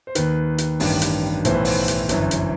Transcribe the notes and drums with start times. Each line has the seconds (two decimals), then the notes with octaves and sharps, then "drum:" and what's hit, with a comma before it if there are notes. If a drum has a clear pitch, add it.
0.07 C5
0.15 D#2 D#3 B4, drum: hi-hat
0.58 drum: hi-hat
0.80 A1 G2 D#3, drum: open hi-hat
1.01 drum: hi-hat
1.45 B1 A2 E3 C5, drum: hi-hat
1.55 B4
1.65 C5, drum: open hi-hat
1.88 drum: hi-hat
2.09 G1 F#2 E3, drum: hi-hat
2.31 drum: hi-hat